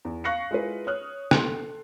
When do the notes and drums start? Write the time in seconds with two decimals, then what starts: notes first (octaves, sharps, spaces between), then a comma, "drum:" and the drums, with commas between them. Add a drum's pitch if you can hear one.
0.05 E2
0.24 F5 C#6 F#6 A#6 C7 C#7
0.51 G#3 E4 F4 A#4 B4
0.87 C#5 D#6 F6 F#6
1.31 A4 C6, drum: rim click